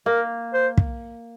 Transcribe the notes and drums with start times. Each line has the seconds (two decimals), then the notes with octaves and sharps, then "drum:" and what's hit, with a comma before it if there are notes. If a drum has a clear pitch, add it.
0.06 A#3 A#4
0.54 C5
0.78 drum: kick